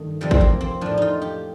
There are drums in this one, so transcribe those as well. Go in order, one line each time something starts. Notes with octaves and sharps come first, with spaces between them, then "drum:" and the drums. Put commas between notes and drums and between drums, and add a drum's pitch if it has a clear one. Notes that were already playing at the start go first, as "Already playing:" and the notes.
Already playing: G2 D#3 A3
F2 C3 F3 G3
C4, drum: kick G#1
A#3
C4
A2 F3 D4
D#4 F4
G4